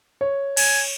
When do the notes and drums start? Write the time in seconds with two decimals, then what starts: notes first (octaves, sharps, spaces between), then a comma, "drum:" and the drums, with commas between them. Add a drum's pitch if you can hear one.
0.21 C#5
0.57 G#5, drum: cymbal